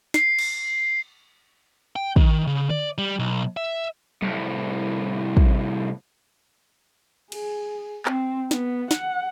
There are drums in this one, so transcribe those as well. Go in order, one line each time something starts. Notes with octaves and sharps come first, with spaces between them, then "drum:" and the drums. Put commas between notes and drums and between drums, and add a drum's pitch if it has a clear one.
C7, drum: snare
drum: cymbal
G5
D#3, drum: kick
C#3
D5, drum: tom D3
G3
B1
E5
C2 A2, drum: tom F#3
drum: kick
G#4, drum: cymbal
C4, drum: clap
B3, drum: snare
F#5, drum: snare